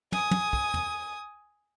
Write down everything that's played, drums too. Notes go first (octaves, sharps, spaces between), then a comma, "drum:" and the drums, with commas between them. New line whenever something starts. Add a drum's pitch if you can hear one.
G#5 D#6, drum: tom
drum: tom
drum: kick
drum: tom